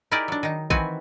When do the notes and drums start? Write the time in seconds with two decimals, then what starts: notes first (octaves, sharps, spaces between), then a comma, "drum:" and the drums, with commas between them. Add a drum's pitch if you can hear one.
0.11 D#4 E4 G4 G#4 A#4 D5
0.28 F#3 D4
0.43 D#3 D#4
0.70 D#3 E3 C4 F#4 B4 G#5, drum: kick A1